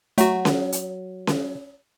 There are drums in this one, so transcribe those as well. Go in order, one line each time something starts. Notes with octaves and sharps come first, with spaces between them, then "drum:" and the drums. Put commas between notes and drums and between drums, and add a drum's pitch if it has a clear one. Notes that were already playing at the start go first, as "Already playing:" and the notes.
F#3 A3 F#4, drum: hi-hat
drum: snare C#4
drum: hi-hat
drum: snare C#4